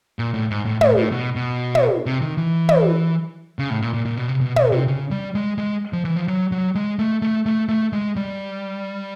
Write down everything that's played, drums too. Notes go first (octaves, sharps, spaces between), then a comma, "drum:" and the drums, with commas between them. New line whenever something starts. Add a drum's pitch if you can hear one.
A#2
A2
G#2
A2
A2, drum: tom
A2
B2
B2
drum: tom
C3
D#3
E3
drum: tom
C#3
A2
A#2
A#2
A#2
B2
C3
B2
B2, drum: tom
C3
C#3
G3
G#3
G#3
F3
E3
F3
F#3
F#3
G#3
A3
A3
A3
A3
G#3
G3